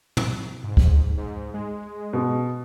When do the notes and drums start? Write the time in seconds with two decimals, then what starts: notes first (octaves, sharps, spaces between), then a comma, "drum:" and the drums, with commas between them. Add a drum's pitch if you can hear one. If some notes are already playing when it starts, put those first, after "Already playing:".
0.17 drum: tom
0.64 G#2
0.77 drum: kick
1.18 G#2
1.54 G#3
2.13 B2